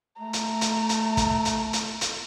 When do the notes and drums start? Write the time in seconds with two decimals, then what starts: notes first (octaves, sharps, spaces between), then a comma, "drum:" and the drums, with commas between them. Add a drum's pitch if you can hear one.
0.19 A3 A#5
0.33 drum: hi-hat
0.61 drum: hi-hat
0.89 drum: hi-hat
1.17 drum: kick, hi-hat
1.45 drum: hi-hat
1.73 drum: hi-hat
2.01 drum: hi-hat